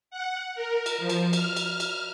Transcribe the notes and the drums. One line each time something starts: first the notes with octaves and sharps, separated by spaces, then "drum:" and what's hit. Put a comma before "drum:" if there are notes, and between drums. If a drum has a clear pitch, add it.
F#5
A#4
drum: cymbal
F3
drum: cymbal
F6, drum: cymbal
drum: cymbal
drum: cymbal